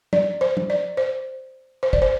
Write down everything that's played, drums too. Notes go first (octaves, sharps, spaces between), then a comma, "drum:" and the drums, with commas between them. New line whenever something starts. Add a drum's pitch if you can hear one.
D5, drum: tom
C5
drum: tom
D5
C5
C5
D5, drum: kick
C5